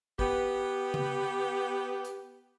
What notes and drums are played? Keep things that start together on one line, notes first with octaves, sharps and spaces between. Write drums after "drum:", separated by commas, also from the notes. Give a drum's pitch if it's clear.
B3 G4, drum: kick
drum: tom C#3
drum: hi-hat